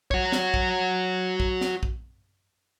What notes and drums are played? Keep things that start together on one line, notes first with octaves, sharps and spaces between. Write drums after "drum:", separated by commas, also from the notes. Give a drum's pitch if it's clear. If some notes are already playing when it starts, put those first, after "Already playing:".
F#4 C#5, drum: kick A#1
drum: snare
drum: kick A#1
drum: kick A#1
drum: snare
drum: kick A#1